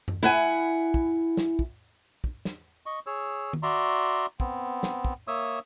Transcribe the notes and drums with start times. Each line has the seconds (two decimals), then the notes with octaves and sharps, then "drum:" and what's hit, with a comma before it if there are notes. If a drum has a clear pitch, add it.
0.08 drum: tom F#2
0.23 E4 F#5 G#5
0.94 drum: kick
1.37 drum: snare
1.59 drum: kick
2.24 drum: kick
2.45 drum: snare
2.86 D#5 C#6
3.07 G#4 C#5 E6
3.53 drum: tom D#3
3.63 F#4 D5 E5 A#5 C6
4.40 B3 C4, drum: kick
4.83 drum: snare
5.05 drum: kick
5.28 A#3 C#5 E5 D#6 E6